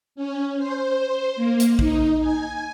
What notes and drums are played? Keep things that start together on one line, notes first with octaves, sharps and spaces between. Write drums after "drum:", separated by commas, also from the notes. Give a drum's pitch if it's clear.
C#4
C5
A#3
drum: hi-hat
D#4, drum: kick A#1
G#5